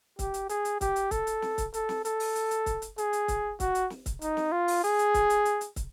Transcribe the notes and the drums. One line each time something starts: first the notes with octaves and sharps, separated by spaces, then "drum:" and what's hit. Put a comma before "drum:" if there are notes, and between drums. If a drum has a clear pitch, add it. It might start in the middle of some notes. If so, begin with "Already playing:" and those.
G4, drum: kick, hi-hat
drum: hi-hat
G#4, drum: hi-hat
drum: hi-hat
G4, drum: kick, hi-hat
drum: hi-hat
A4, drum: kick, hi-hat
drum: hi-hat
drum: snare
drum: kick, hi-hat
A4, drum: hi-hat
drum: snare
A4, drum: hi-hat
drum: open hi-hat
drum: hi-hat
drum: hi-hat
drum: kick, hi-hat
drum: hi-hat
G#4, drum: hi-hat
drum: hi-hat
drum: kick, hi-hat
F#4, drum: kick, hi-hat
drum: hi-hat
drum: snare
drum: kick, hi-hat
D#4, drum: hi-hat
drum: snare
F4
drum: open hi-hat
G#4, drum: hi-hat
drum: hi-hat
drum: kick, hi-hat
drum: hi-hat
drum: hi-hat
drum: hi-hat
drum: kick, hi-hat